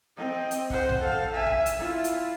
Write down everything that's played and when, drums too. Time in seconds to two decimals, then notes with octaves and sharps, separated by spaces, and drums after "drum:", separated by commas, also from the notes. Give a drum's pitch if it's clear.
0.17 C4 D#5
0.51 drum: hi-hat
0.70 C5 F#5, drum: kick
0.89 drum: tom A#1
1.01 A4 F5
1.33 E5 G#5
1.47 drum: kick
1.66 drum: hi-hat
1.79 E4 F4
2.04 drum: hi-hat